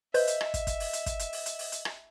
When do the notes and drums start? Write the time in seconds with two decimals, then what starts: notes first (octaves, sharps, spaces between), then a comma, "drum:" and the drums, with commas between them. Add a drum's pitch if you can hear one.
0.14 B4 C5 D#5 E5 G6, drum: open hi-hat
0.27 drum: hi-hat
0.41 drum: rim click
0.54 drum: kick, hi-hat
0.67 drum: kick, hi-hat
0.80 drum: open hi-hat
0.93 drum: hi-hat
1.06 drum: kick, hi-hat
1.19 drum: hi-hat
1.33 drum: open hi-hat
1.46 drum: hi-hat
1.59 drum: open hi-hat
1.72 drum: hi-hat
1.85 drum: rim click